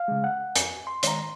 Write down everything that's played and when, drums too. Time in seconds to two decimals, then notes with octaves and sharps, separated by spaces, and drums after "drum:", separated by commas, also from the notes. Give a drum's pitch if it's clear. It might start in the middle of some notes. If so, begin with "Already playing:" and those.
Already playing: F5
0.08 C#3 G#3
0.24 F#5
0.56 F2 G#5, drum: hi-hat
0.87 C6
1.03 D#3 G#3 A#5, drum: hi-hat
1.19 C6